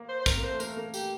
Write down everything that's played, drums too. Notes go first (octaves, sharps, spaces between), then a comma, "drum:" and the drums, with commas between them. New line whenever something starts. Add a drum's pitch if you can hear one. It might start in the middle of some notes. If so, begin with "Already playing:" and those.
Already playing: A#3
C5
C5
C4 A#4, drum: kick, tambourine
A#3
C5
A3
A#3 A#4, drum: tambourine
A3
A#3
G4, drum: tambourine